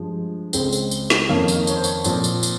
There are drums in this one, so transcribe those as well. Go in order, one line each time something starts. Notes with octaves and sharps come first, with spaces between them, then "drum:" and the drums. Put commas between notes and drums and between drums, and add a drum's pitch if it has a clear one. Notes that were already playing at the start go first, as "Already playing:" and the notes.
Already playing: G2 F3 G#3
C#2 C#3 G#3 C4, drum: tambourine
drum: tambourine
drum: tambourine
drum: snare
F2 D#3 A#3 C#4 F5
drum: tambourine
C#5, drum: tambourine
C5
C#5, drum: tambourine
A#2 F3 C4, drum: tambourine
drum: tambourine
drum: tambourine